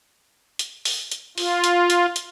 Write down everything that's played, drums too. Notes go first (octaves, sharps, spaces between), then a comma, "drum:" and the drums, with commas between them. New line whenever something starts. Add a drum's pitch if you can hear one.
drum: hi-hat
drum: open hi-hat
drum: hi-hat
F4, drum: open hi-hat
drum: hi-hat
drum: hi-hat
drum: hi-hat